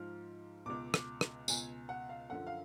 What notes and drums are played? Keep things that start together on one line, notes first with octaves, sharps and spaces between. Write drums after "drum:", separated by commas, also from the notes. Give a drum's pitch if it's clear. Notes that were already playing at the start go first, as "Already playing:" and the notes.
Already playing: G#2 F3 F6
C#2 B2 D6
drum: rim click
drum: rim click
C#2 B2 G#5, drum: tambourine
F#5
F5
F#2 D3 F3 F#5
F5